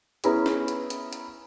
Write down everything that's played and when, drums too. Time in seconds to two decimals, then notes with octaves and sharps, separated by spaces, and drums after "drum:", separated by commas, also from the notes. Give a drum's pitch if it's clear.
0.24 B3 C#4 E4 G#4 B4 A#5, drum: hi-hat
0.46 drum: snare
0.68 drum: hi-hat
0.90 drum: hi-hat
1.13 drum: hi-hat